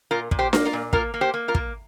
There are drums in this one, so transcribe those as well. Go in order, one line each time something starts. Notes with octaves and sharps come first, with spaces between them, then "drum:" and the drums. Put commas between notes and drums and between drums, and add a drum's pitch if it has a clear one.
A#2 F4 A#4
A#2, drum: kick
G4 C5
A#3, drum: snare D4
F4 A#4
A#2
A#3 F4 A#4, drum: kick
A#3
G4 C5
A#3
F4 A#4
A#3, drum: kick